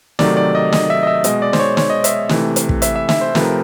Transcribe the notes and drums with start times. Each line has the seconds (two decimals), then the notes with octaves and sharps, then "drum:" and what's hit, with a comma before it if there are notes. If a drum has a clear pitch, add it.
0.19 C3 D#3 F#3 A3 D5, drum: snare
0.37 D5
0.55 D#5
0.72 D#5, drum: snare
0.90 E5
1.03 D#5
1.07 E5
1.24 B2 G#3 D#5, drum: hi-hat
1.42 D5
1.53 C5, drum: snare
1.60 C#5
1.77 C#5, drum: snare
1.90 D#5
2.04 E5, drum: hi-hat
2.29 C3 E3 A3, drum: snare
2.56 drum: hi-hat
2.69 drum: kick
2.82 E5, drum: hi-hat
2.96 E5
3.09 E5, drum: snare
3.21 C5
3.35 C3 F3 A3 B4, drum: snare
3.43 A#4